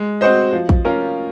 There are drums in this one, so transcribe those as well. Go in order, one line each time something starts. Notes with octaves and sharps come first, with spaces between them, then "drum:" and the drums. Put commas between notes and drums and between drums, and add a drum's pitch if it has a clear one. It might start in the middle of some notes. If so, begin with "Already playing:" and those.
Already playing: G#3
C4 F#4 C5 D#5
F3
drum: kick
A#3 C#4 F4 A#4